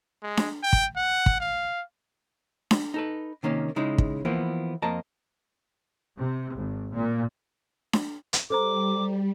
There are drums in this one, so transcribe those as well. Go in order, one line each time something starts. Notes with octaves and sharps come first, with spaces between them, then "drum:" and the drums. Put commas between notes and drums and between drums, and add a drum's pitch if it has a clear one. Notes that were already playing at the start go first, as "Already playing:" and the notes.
G#3
drum: snare D4
G5
drum: kick
F#5
drum: kick
F5
drum: snare D4
D#4 A4 B4
C3 D#3 A#3 C#4
C#3 G#3 D#4 E4
drum: kick
E3 F3 A#3 B3
F2 A#3 D#5 A5 A#5
C3
G#1
A#2
drum: snare D4
drum: hi-hat
G3 A4 C5 A#5 D6